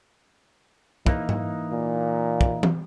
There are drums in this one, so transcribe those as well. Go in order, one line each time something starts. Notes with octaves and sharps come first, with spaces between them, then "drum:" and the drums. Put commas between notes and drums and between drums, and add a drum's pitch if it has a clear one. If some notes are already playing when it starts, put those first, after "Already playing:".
E3 A#3 D#4, drum: kick
drum: tom G#2
A#2
drum: kick
drum: tom E3